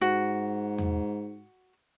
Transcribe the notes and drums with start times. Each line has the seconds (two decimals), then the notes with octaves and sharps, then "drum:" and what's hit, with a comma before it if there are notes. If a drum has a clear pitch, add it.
0.01 G#2 F#4
0.78 drum: tom E2